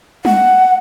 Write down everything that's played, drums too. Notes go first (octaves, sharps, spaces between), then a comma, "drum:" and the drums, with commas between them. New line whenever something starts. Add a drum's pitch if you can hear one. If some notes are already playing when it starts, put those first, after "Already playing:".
F#5, drum: tom G3